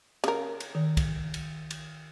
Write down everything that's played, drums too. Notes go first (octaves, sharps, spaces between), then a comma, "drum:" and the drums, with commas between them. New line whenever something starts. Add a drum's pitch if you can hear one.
C#3 A#4, drum: cymbal
drum: cymbal
D#3
drum: kick, cymbal
drum: cymbal
drum: cymbal